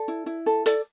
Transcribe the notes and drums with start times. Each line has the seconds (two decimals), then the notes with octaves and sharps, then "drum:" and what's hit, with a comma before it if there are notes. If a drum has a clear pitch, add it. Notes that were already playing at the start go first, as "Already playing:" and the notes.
Already playing: A4 D5
0.08 E4
0.26 E4
0.46 A4
0.66 A4 D5, drum: hi-hat